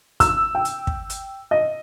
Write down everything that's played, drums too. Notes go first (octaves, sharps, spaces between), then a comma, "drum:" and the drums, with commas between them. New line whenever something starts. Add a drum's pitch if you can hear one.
E6, drum: kick, hi-hat
G5
drum: hi-hat
drum: kick
drum: hi-hat
D#5